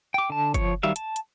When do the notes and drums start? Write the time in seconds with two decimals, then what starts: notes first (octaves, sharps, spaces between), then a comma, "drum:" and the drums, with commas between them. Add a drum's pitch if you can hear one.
0.14 G5 D6
0.30 D3 A5
0.54 F3 C#5, drum: kick, hi-hat
0.83 D#3 F#3 G3 E5 F5
0.96 A5, drum: hi-hat
1.16 drum: hi-hat